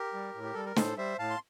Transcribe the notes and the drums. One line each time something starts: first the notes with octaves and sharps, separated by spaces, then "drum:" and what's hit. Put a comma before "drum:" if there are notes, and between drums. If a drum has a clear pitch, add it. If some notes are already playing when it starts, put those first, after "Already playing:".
Already playing: G4 A#4
G3
A2
G4
G3 A4
A#4
A2 A4 C5, drum: snare
G3 C5 E5
A2 F5 A5
C6